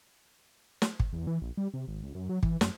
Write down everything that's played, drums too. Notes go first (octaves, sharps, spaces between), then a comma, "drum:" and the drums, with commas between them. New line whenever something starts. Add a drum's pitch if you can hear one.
drum: snare
drum: kick
E2
E3
A#1
G3
C3
G#1
C#2
F#2
F#3
E3, drum: kick
F#2, drum: snare